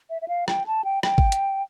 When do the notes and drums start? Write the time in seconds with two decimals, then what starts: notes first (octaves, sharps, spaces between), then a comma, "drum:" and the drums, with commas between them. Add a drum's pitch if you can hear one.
0.10 E5
0.22 E5
0.28 F5
0.48 G5, drum: rim click
0.67 A5
0.84 G5
1.03 G5, drum: rim click
1.18 drum: kick G#1
1.32 drum: hi-hat